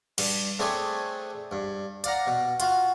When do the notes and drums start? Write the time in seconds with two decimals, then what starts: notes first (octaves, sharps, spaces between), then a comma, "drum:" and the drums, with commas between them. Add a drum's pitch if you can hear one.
0.18 G2, drum: cymbal
0.59 A3 C4 D4 G#4 C#5 G#5
1.51 G2
2.04 D5 F5 F#5 A#5, drum: hi-hat
2.27 B2
2.60 F4 F#4 F5, drum: hi-hat